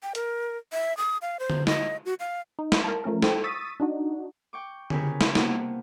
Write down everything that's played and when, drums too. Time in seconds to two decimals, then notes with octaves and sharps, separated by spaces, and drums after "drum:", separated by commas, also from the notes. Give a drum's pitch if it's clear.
0.03 G5
0.15 A#4, drum: hi-hat
0.73 E5
0.97 D#6
1.22 F5
1.39 C5
1.50 drum: tom D3
1.67 D#5, drum: snare
2.06 F#4
2.20 F5
2.59 D#4
2.72 drum: snare
2.84 A#4 A5
3.04 F3 A3 C#4 A#4
3.22 A4 C5 G5, drum: snare
3.44 C#6 D#6 E6 A6 B6 D#7
3.80 D4 D#4 F#4
4.53 G5 C#6 D6
4.90 C#3 C#4 E4 G4 A#4 B4, drum: tom D3
5.21 drum: snare
5.35 G2 C3 A#3 B3 G4 F#5, drum: snare